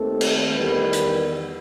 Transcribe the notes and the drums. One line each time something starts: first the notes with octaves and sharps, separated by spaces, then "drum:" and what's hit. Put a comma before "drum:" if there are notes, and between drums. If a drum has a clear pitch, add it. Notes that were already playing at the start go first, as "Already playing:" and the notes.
Already playing: D#2 D#3 A3 C4 A4
drum: cymbal
E2 D#3 G3 B3 B4
drum: hi-hat